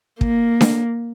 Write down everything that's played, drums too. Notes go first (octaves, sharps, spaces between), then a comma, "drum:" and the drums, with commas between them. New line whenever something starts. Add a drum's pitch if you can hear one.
A#3, drum: kick
drum: snare D4